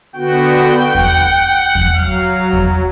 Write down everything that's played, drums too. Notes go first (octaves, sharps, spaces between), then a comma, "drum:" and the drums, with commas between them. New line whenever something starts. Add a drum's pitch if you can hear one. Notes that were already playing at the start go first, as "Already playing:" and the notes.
D3 B3 F#4 G5
F#5, drum: kick E2
drum: kick E2
F#3 F5
drum: kick E2